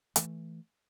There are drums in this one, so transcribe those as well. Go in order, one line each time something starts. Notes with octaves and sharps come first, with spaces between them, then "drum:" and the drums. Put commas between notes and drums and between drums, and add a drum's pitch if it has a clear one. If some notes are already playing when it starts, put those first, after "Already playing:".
E3 A3, drum: hi-hat